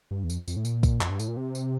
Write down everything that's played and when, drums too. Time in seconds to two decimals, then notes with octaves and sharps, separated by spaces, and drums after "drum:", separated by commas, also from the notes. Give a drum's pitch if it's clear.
0.11 G2
0.24 E2
0.30 F2, drum: tambourine
0.48 F2, drum: tambourine
0.57 A2
0.65 A#2, drum: tambourine
0.83 drum: kick A#1, tambourine
1.01 F2, drum: clap
1.10 G2
1.19 A2, drum: tambourine
1.28 A#2
1.37 C3
1.55 drum: tambourine